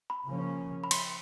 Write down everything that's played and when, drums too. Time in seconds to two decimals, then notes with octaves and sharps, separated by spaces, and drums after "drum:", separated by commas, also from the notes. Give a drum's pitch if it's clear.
0.10 B5
0.26 C#3 F3 A#3 C#4
0.84 B5
0.91 C6, drum: cymbal